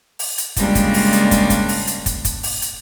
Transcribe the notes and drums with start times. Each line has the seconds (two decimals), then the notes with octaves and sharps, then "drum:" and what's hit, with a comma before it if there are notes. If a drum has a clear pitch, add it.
0.19 drum: open hi-hat
0.38 drum: hi-hat
0.56 C#3 G3 G#3 A#3 D4 F4, drum: kick, hi-hat
0.75 drum: kick, hi-hat
0.94 drum: open hi-hat
1.13 drum: hi-hat
1.31 drum: kick, hi-hat
1.50 drum: kick, hi-hat
1.69 drum: open hi-hat
1.87 drum: hi-hat
2.06 drum: kick, hi-hat
2.25 drum: kick, hi-hat
2.43 drum: open hi-hat
2.62 drum: hi-hat